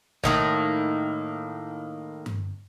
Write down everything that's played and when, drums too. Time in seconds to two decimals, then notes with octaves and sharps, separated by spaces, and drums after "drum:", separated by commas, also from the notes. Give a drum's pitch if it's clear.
0.24 A2 D#3 A#3, drum: kick
2.26 drum: tom G2